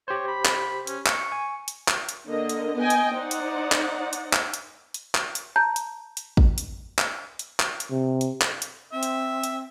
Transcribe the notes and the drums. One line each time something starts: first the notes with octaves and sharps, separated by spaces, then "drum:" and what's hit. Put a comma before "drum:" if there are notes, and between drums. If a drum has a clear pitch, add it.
G4 C5 C#5
B5
drum: clap
C#4, drum: hi-hat
C#6, drum: clap
G#5
drum: hi-hat
drum: clap
drum: hi-hat
D3 A#3 D#5
drum: hi-hat
B3 D#5 G5 G#5
drum: hi-hat
D#4 C5 D5 F#5
drum: hi-hat
drum: clap
drum: hi-hat
drum: clap
drum: hi-hat
drum: hi-hat
drum: clap
drum: hi-hat
A5 A#5 G6
drum: hi-hat
drum: hi-hat
drum: kick
drum: hi-hat
drum: clap
drum: hi-hat
drum: clap
drum: hi-hat
C3
drum: hi-hat
drum: clap
drum: hi-hat
C4 E5
drum: hi-hat
drum: hi-hat